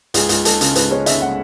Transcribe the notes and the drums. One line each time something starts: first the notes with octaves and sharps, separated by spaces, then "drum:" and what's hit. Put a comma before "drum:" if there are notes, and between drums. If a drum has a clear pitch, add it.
C#2 G#4, drum: hi-hat
C#2, drum: hi-hat
G#3 A4, drum: hi-hat
C#3, drum: hi-hat
C#2 B4, drum: hi-hat
G#3 C#5
C#3 E5, drum: hi-hat
F#5